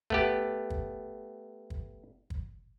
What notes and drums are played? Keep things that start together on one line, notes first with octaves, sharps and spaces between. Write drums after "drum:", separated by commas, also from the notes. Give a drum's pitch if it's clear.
A3 B3 G4, drum: kick
drum: kick
drum: kick
drum: kick